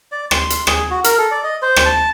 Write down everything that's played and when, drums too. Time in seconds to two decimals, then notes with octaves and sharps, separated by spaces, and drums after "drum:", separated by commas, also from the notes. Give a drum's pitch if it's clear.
0.12 D5
0.31 C6, drum: rim click
0.50 drum: hi-hat
0.67 G#4, drum: rim click
0.90 F#4
1.04 A#4, drum: hi-hat
1.18 A4
1.31 D5
1.44 D#5
1.62 C5
1.76 drum: rim click
1.86 A5